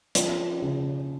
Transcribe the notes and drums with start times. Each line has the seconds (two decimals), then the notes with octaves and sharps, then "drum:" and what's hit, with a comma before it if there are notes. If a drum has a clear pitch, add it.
0.15 F3, drum: hi-hat
0.62 C#3